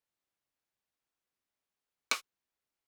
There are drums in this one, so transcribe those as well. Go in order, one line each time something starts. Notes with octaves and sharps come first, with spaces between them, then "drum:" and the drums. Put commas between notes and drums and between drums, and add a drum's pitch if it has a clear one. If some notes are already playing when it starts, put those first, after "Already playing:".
C4 D#4 F#4
F#3
drum: rim click